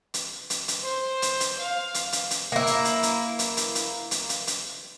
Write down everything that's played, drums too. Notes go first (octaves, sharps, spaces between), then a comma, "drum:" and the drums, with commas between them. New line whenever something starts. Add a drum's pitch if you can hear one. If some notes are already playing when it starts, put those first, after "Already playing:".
drum: hi-hat
drum: hi-hat
drum: hi-hat
C5
drum: hi-hat
drum: hi-hat
F5
drum: hi-hat
drum: hi-hat
drum: hi-hat
A#3 E4
drum: hi-hat
drum: hi-hat
drum: hi-hat
drum: hi-hat
drum: hi-hat
drum: hi-hat
drum: hi-hat
drum: hi-hat
drum: hi-hat